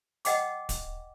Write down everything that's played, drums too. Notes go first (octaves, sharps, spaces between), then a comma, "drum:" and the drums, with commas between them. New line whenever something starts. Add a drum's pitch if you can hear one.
D#5 F#5 G5 D6, drum: hi-hat
drum: kick D1, hi-hat